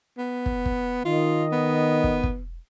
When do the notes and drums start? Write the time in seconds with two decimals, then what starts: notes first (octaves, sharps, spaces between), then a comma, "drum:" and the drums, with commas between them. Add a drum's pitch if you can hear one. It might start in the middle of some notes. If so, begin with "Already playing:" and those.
0.18 B3
0.46 drum: kick
0.66 drum: kick
1.05 D#3 F4 D#5
1.52 B3
2.04 drum: kick
2.24 drum: kick